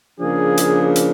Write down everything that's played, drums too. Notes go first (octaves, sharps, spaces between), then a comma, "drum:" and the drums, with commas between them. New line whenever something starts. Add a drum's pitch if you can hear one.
C#3 F3 A#3 D4 G#4
drum: hi-hat
drum: hi-hat